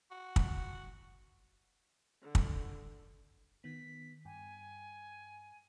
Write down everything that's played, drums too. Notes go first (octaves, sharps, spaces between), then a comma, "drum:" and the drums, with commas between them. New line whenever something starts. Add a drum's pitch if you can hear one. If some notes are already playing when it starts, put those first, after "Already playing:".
F#4
drum: kick
D3
drum: kick
D#3 B3 B6
G2 G5 G#5